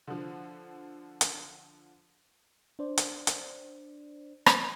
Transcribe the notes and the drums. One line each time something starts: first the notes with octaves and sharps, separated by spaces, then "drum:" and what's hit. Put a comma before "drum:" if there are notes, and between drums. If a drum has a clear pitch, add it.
D3 F3
drum: hi-hat
D4 C5 D5
drum: hi-hat
drum: hi-hat
drum: rim click